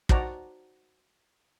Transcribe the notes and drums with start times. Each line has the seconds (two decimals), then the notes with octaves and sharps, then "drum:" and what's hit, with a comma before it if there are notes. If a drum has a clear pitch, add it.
0.09 D#4 F#4 C5 D5 A5 A#5, drum: kick